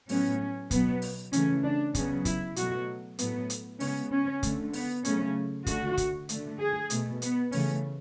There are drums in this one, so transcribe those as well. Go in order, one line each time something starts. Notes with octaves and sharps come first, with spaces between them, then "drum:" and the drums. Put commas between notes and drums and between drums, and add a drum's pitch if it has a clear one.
A2 F#3 B3 C#4, drum: open hi-hat
B2 F#3 B3, drum: kick, hi-hat
drum: open hi-hat
C#3 E3 A3 C#4, drum: hi-hat
D4
C#3 F#3 B3 C#4, drum: kick, hi-hat
E4, drum: kick, hi-hat
B2 F#3 A3 F#4, drum: hi-hat
A2 F#3 A3 B3, drum: hi-hat
drum: hi-hat
C#3 G#3 B3 C#4, drum: open hi-hat
C#4
D3 A3, drum: kick, hi-hat
B3, drum: open hi-hat
C#3 F#3 A3 C#4, drum: hi-hat
D3 A3 F#4, drum: kick, hi-hat
drum: kick, hi-hat
D3 A3, drum: hi-hat
G#4
B2 A3, drum: hi-hat
B3, drum: hi-hat
C#3 E3 A3 C#4, drum: open hi-hat